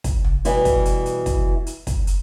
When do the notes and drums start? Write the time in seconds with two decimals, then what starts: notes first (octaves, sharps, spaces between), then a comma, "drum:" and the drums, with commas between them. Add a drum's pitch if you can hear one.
0.04 drum: kick, hi-hat
0.25 drum: tom
0.45 B2 E3 G3, drum: hi-hat
0.65 drum: kick, hi-hat
0.85 drum: hi-hat
1.06 drum: hi-hat
1.26 drum: kick, hi-hat
1.66 drum: hi-hat
1.87 drum: kick, hi-hat
2.07 drum: hi-hat